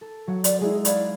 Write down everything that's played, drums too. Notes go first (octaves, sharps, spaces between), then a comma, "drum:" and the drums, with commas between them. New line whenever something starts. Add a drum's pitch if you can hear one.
A4
F#3 F#5
D5, drum: hi-hat
G#3 D#4 E4 G#4
D5 F5 B5 G#6, drum: hi-hat